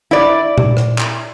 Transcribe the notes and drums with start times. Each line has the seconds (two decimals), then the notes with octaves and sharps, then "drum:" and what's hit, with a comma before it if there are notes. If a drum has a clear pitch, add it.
0.11 E4 D5
0.58 drum: tom A#2
0.77 drum: rim click
0.99 drum: clap